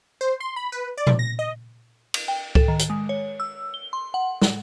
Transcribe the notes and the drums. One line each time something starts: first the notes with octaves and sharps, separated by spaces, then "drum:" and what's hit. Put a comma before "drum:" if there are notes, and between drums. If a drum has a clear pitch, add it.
C5
C6
B5
B4
D5
drum: tom A#2
A#6
D#5
drum: cymbal
G5
A4, drum: kick C#2
D#3
drum: hi-hat
G#3
C#5
E6
G7
C6
F#5
drum: snare